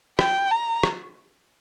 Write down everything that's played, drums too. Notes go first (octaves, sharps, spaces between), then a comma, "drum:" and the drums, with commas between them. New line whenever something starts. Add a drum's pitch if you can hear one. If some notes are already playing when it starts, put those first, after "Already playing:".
G5, drum: rim click
A#5
drum: rim click